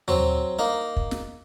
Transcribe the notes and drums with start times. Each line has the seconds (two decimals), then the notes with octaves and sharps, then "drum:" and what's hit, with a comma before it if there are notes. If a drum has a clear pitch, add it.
0.08 F#3 C4, drum: tom D#2
0.59 A#3 D#4
0.97 drum: kick
1.11 drum: snare